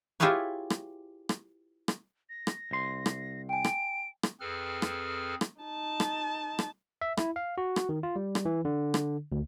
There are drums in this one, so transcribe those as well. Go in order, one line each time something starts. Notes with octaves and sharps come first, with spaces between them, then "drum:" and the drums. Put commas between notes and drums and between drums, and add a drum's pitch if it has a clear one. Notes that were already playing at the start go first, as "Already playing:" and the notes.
E4 F4 G4 G#4 B4 C#5
drum: rim click
drum: rim click
drum: rim click
A#6
drum: rim click
C2 C6
drum: rim click
G5 G#5 D7
drum: rim click
drum: rim click
F2 C4 G#4 A4 B4 F6
drum: rim click
drum: rim click
D#4 A5
drum: rim click
drum: rim click
E5
E4, drum: rim click
F5
F#4
drum: rim click
D#3
F4
G3
drum: rim click
E3
D3
drum: rim click
D2